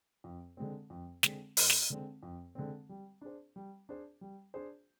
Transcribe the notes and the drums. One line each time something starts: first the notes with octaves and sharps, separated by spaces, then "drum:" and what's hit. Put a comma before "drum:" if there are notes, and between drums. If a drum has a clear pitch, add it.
F2
D3 G#3 C4
F2
D3 G#3 C4, drum: snare
F2, drum: open hi-hat
drum: snare
D3 G#3 C4
F2
D3 G#3 C4
G3
D4 G#4 C5
G3
D4 G#4 C5
G3
D4 G#4 C5